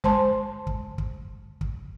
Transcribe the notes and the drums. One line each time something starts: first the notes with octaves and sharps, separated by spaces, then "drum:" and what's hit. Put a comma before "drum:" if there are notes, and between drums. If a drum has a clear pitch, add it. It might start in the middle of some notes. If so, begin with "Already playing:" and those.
G#3 C5 A5 C6, drum: kick
drum: kick
drum: kick
drum: kick